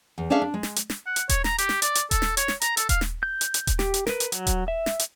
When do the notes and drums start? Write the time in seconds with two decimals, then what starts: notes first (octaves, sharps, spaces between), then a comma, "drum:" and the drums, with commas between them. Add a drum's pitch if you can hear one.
0.18 E2
0.30 C#4 D4 G#4 A4 E5 F5
0.42 D4
0.54 G#3
0.63 drum: snare
0.76 drum: hi-hat
0.90 drum: snare
1.06 F#5
1.16 drum: hi-hat
1.29 C#5, drum: kick D#1, hi-hat
1.44 A#5, drum: snare
1.58 G4, drum: hi-hat
1.69 drum: snare
1.82 D5, drum: hi-hat
1.95 drum: hi-hat
2.11 A4, drum: kick D#1, hi-hat
2.22 drum: snare
2.37 C#5, drum: hi-hat
2.48 drum: snare
2.61 A#5, drum: hi-hat
2.77 A4, drum: hi-hat
2.89 F5, drum: kick D#1, hi-hat
3.01 drum: snare
3.23 G6
3.41 drum: hi-hat
3.54 drum: hi-hat
3.67 drum: kick D#1, hi-hat
3.79 G4, drum: snare
3.94 drum: hi-hat
4.07 A#4 B4, drum: snare
4.20 drum: hi-hat
4.32 F#3, drum: hi-hat
4.47 drum: kick D#1, hi-hat
4.68 E5
4.86 drum: snare
4.99 drum: hi-hat